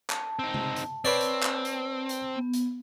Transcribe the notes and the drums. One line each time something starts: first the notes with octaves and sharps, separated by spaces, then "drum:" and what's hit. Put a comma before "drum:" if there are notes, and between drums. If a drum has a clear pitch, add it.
A5, drum: clap
C4 D#4
drum: tom C3
drum: hi-hat
C4 B4 C#5 D5
drum: hi-hat
drum: clap
drum: hi-hat
drum: hi-hat
B3
drum: hi-hat